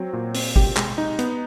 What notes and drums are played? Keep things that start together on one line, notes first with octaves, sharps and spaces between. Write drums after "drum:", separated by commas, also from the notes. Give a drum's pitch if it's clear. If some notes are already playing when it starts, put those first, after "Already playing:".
Already playing: F#3 C4
A#2
C4, drum: open hi-hat
G4, drum: kick
G#3, drum: clap
D#4
B3, drum: hi-hat